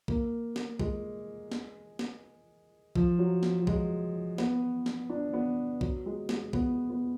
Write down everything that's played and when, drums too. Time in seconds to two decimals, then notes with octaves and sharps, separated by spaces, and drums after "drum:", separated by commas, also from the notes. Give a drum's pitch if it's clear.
0.08 A#3, drum: kick
0.56 drum: snare
0.80 G#3, drum: kick
1.52 drum: snare
1.99 drum: snare
2.96 F3, drum: kick
3.19 F#3
3.43 drum: snare
3.62 F#3
3.67 G#3, drum: kick
4.38 B3, drum: snare
4.86 drum: snare
5.10 D4
5.33 B3
5.81 F#3, drum: kick
6.06 G#3
6.29 G#3, drum: snare
6.53 B3, drum: kick
6.90 B3